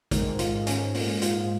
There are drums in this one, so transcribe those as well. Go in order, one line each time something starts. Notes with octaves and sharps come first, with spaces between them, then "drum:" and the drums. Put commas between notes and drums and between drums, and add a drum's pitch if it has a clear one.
G#2 D#3, drum: kick A1, hi-hat
F4, drum: hi-hat
G#2
C#4, drum: hi-hat
A#2, drum: open hi-hat
F4, drum: hi-hat